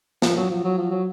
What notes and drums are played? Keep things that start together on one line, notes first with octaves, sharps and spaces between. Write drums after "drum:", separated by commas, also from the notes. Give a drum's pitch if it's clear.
F3, drum: snare
F#3
F3
F#3
F3
F#3